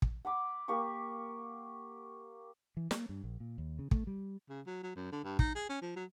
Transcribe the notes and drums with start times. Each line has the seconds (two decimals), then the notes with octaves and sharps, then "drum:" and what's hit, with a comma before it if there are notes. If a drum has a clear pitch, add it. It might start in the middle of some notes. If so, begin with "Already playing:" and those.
0.02 drum: kick
0.25 F#5 B5 D6
0.68 A#3 G4 F5 C#6
2.77 E3
2.91 A#3, drum: snare
3.09 G2
3.24 A#1
3.40 A#2
3.58 D#2
3.79 C#3
3.91 A3, drum: kick
4.07 G3
4.49 C#3
4.67 F#3
4.83 F#3
4.95 F#2
5.12 D3
5.24 G2
5.39 D#4, drum: kick
5.55 G#4
5.69 C#4
5.81 F3
5.96 F#3